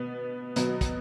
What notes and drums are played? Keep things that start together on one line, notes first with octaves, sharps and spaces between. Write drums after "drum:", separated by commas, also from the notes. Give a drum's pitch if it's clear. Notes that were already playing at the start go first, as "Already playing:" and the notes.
Already playing: B2 B3
B2 F#3 B3, drum: hi-hat
drum: kick, hi-hat